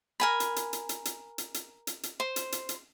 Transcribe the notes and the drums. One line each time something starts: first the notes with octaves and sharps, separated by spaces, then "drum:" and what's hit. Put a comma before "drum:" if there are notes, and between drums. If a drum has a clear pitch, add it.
A#4 G#5 B5
drum: hi-hat
drum: hi-hat
drum: hi-hat
drum: hi-hat
drum: hi-hat
drum: hi-hat
drum: hi-hat
drum: hi-hat
drum: hi-hat
C5
drum: hi-hat
drum: hi-hat
drum: hi-hat